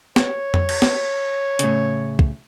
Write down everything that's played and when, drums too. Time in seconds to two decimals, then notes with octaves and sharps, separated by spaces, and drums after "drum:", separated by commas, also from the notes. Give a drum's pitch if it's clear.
0.16 C#5, drum: snare
0.54 drum: tom F2
0.69 drum: cymbal
0.82 drum: snare
1.59 A2 C#3, drum: hi-hat
2.19 drum: kick